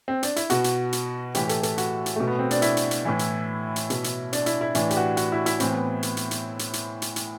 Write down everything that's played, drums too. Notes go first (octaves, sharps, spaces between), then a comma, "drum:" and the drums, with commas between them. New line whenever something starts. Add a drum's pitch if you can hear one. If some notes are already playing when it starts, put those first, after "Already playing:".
C4
D4, drum: hi-hat
E4, drum: hi-hat
B2 F#4, drum: hi-hat
drum: hi-hat
drum: hi-hat
A2 E3 G4, drum: hi-hat
G4
A4, drum: hi-hat
A4, drum: hi-hat
F#4, drum: hi-hat
drum: hi-hat
B2 A3
B3
C4
D4, drum: hi-hat
E4, drum: hi-hat
drum: hi-hat
drum: hi-hat
A2 E3
drum: hi-hat
drum: hi-hat
B2, drum: hi-hat
drum: hi-hat
D4, drum: hi-hat
E4, drum: hi-hat
E4
A2 E3 D4, drum: hi-hat
G4, drum: hi-hat
F#4
F#4, drum: hi-hat
E4
E4, drum: hi-hat
A2 E3 C4, drum: hi-hat
B3
drum: hi-hat
drum: hi-hat
drum: hi-hat
drum: hi-hat
drum: hi-hat
drum: hi-hat
drum: hi-hat